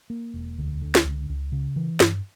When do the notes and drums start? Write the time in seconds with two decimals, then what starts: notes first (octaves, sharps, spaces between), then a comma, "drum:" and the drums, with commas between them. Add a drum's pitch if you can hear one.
0.10 A#3
0.34 E1
0.58 D2
0.82 D3
0.95 drum: snare
1.05 C#2
1.29 C#2
1.52 C#3
1.76 E3
2.00 G2, drum: snare